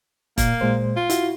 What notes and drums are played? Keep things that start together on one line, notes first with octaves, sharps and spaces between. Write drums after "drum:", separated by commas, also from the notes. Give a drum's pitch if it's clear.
A#2 A#3, drum: kick E1, hi-hat
A#2 G#3 C5
F4
E4 F#4, drum: hi-hat